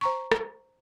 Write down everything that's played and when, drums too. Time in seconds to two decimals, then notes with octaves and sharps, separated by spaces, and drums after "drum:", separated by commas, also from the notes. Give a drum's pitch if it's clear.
0.01 C5 A#5 C#6
0.32 drum: rim click